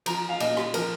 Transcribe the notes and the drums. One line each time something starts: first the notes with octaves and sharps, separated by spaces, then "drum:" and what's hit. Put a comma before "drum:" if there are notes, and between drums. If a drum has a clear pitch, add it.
F3 A#5, drum: cymbal
F5
A#2 D#5, drum: cymbal
drum: rim click
F3 A#4, drum: cymbal